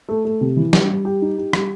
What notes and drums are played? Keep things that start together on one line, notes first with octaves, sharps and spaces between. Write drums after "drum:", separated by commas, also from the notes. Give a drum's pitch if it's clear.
A3
A3
C3
E3
G3, drum: snare
G3
G4
D#4
G4
G3, drum: rim click